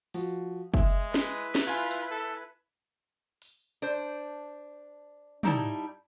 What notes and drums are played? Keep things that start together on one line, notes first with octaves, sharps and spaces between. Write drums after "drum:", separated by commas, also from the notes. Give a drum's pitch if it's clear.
F3 F#4, drum: open hi-hat
G#3 E5, drum: kick F#1
E4 B4, drum: snare
drum: snare
F4 G#5 G#6
drum: hi-hat
A4
drum: open hi-hat
D4 C5
G3 D#4 E4 A5, drum: tom